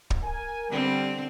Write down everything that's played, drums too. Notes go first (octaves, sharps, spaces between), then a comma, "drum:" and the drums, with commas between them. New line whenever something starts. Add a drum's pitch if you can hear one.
drum: kick
A#4 G#5
D3 G3 C4